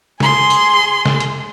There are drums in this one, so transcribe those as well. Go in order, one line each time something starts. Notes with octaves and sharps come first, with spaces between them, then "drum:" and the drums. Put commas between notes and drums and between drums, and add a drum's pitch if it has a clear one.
G#4 C6, drum: snare
drum: tambourine
drum: snare
drum: hi-hat